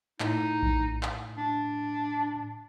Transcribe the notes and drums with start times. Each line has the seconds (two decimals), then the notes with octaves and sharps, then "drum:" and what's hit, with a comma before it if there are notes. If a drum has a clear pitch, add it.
0.20 A2 D#4, drum: clap
0.63 drum: kick A#1
1.03 drum: clap
1.37 D4